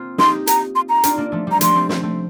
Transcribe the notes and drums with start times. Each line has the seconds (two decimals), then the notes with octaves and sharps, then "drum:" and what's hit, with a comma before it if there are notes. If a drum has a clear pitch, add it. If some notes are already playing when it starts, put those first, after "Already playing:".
Already playing: A#3 C4 F4
0.18 D#4 G4 C6, drum: snare
0.47 A#5, drum: hi-hat
0.76 C6
0.89 A#5
1.03 D4 F4, drum: hi-hat
1.18 A#3 D4
1.32 F3 A3
1.47 G3 A#5
1.61 F3 A3 C6, drum: hi-hat
1.75 A3 C4
1.89 A3 C4, drum: snare
2.03 A3 C4